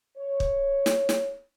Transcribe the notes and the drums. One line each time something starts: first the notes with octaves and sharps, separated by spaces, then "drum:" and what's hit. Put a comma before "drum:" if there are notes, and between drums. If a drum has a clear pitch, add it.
C#5
drum: kick
drum: snare
drum: snare